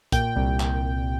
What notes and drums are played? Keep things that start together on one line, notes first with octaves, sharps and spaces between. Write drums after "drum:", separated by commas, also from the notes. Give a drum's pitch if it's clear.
A#2 G5, drum: kick, hi-hat
C2
drum: clap